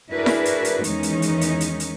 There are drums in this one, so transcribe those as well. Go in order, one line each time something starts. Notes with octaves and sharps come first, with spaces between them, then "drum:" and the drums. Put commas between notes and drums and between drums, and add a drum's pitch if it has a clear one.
D4 E4 F#4 G#4 A#4 B4
drum: snare E4
drum: hi-hat
drum: hi-hat
E2 D#3 E3 G#3 C#4 D#4, drum: hi-hat
drum: hi-hat
drum: hi-hat
drum: hi-hat
drum: hi-hat
drum: hi-hat